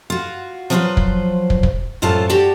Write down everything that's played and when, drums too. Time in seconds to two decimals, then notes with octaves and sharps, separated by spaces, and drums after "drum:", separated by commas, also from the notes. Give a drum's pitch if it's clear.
0.10 F4 F#4
0.70 F3 F#3 F4 G#4 B4 C5
0.97 drum: kick
1.50 drum: kick
1.63 drum: kick
2.02 F#2 A2 F4 A4 C5 A5
2.29 D4 F#4 G4 A5